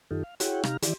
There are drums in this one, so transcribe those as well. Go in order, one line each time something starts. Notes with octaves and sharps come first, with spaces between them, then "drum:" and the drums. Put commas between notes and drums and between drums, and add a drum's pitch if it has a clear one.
F#2 D#3 D#4 F4 G4 A4
F5
E4 F#4 G#4 C#5 F#5 G5, drum: hi-hat
C3 D#4 G4 F5 A#5 F6, drum: rim click
D#3 E3 E4 G4 D5, drum: hi-hat